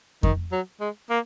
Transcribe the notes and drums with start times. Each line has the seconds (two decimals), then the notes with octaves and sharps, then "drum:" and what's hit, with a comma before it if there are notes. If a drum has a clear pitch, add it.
0.23 D#3, drum: kick F2
0.52 F#3
0.80 G#3
1.10 A#3